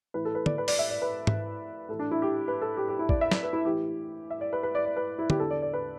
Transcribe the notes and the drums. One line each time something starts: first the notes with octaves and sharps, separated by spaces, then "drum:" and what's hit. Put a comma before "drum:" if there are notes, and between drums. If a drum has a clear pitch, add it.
A2 E3 B4
A4
B4
D5, drum: tom
B4
D5, drum: open hi-hat
E5
D5
B4
drum: tom
A2 E3 A4
D4
E4
G4
B4
A4
G4
G4
E4
D5, drum: kick
E5
D5, drum: snare
B4
E4
A2 E3 G4
E5
D5
B4
B4
D5
D5
B4
E4
G4, drum: tom
E2 D3 A4
D5
D5
B4